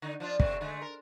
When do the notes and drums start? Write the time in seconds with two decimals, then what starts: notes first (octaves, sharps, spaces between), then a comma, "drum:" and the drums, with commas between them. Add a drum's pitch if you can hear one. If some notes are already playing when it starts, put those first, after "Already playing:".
0.02 D3 D#4
0.20 F3 D4 F4
0.40 C3 A3 C4, drum: kick
0.61 D3 G#3 A3
0.82 A#4